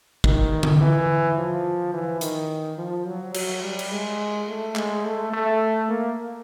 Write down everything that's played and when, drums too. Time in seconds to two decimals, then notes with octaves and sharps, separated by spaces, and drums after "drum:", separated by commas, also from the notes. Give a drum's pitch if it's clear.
0.24 D#3, drum: kick
0.63 drum: tom D3
0.81 E3
1.37 F3
1.93 E3
2.21 D#3, drum: hi-hat
2.78 F3
3.07 F#3
3.34 F#3, drum: cymbal
3.63 G3
3.79 drum: cymbal
3.92 G#3
4.48 A3
4.76 G#3, drum: clap
5.04 A3
5.33 A3
5.89 A#3